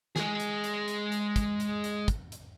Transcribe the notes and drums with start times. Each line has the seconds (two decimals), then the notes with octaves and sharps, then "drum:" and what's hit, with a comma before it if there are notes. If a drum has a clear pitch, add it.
0.16 G#3 G#4, drum: snare
0.40 drum: hi-hat
0.64 drum: hi-hat
0.88 drum: hi-hat
1.12 drum: hi-hat
1.36 drum: kick, hi-hat
1.60 drum: hi-hat
1.84 drum: hi-hat
2.08 drum: kick, hi-hat
2.32 drum: hi-hat